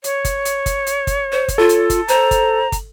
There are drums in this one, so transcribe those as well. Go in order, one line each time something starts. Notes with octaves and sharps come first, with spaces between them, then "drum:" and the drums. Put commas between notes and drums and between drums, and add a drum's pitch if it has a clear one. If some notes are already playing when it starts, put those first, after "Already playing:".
C#5, drum: hi-hat
drum: kick, hi-hat
drum: hi-hat
drum: kick, hi-hat
drum: hi-hat
drum: kick, hi-hat
C5
drum: kick, hi-hat
F4 A4
drum: hi-hat
drum: kick, hi-hat
C5 A#5, drum: hi-hat
drum: kick, hi-hat
drum: kick, hi-hat